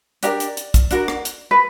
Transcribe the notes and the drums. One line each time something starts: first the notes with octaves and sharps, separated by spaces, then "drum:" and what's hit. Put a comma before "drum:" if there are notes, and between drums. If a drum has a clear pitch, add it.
D4 G4 A#4 D5, drum: hi-hat
drum: hi-hat
drum: hi-hat
drum: kick, hi-hat
D4 F#4 A#4, drum: hi-hat
drum: rim click
drum: hi-hat
B4